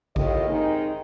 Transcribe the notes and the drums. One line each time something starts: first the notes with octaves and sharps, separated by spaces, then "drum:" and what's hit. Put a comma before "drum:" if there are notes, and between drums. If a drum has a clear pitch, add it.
D#2 A2 A#3 F4 G4 D#5, drum: kick A1
C3 D#3 G#3 D#4